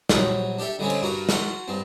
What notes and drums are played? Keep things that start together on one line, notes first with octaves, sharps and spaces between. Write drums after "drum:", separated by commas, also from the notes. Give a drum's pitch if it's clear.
A#1 F#3 G3 C5 D#6, drum: snare
D4 G4 A4 E5 G5
D3 G3 G#3 C4 C#4
drum: cymbal
G2 F#4 A#4 D6
F#4 F#5 A#5 C6, drum: snare
G2 C4